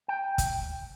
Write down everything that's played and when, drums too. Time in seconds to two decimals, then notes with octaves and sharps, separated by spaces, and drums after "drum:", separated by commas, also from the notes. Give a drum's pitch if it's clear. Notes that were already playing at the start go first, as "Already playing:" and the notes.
0.08 G5
0.38 drum: kick, hi-hat